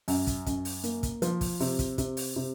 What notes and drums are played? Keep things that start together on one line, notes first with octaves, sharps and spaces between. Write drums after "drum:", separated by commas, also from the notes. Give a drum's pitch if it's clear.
F#2, drum: open hi-hat
drum: kick, hi-hat
F#2, drum: kick, hi-hat
drum: open hi-hat
A#3, drum: hi-hat
drum: kick, hi-hat
F3, drum: hi-hat
drum: kick, open hi-hat
C3, drum: open hi-hat
drum: kick, hi-hat
C3, drum: kick, hi-hat
drum: open hi-hat
C3